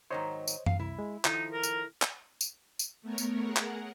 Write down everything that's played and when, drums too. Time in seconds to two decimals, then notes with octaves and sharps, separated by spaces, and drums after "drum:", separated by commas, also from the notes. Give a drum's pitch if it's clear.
0.11 G#2 D#3 F#3 C5 C#5 D#5
0.48 drum: tambourine
0.66 F5, drum: tom F#2
0.79 C2 E4
0.99 G#3
1.25 D#3 F3 D#4 E4 A4, drum: clap
1.52 A#4
1.63 drum: tambourine
2.02 drum: clap
2.41 drum: tambourine
2.79 drum: tambourine
3.02 A3 B3 A#4 C#5
3.18 drum: tambourine
3.42 G#4 A#4 F#5
3.57 drum: clap